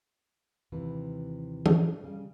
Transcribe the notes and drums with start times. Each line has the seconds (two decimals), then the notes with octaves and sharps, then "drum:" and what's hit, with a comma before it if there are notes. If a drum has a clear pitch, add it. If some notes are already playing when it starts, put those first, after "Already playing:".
0.72 D#2 C3 E3 B4
1.66 drum: tom E3
2.04 C#3 G3